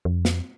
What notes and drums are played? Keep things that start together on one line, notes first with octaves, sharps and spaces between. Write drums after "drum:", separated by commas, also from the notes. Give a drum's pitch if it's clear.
F2
drum: snare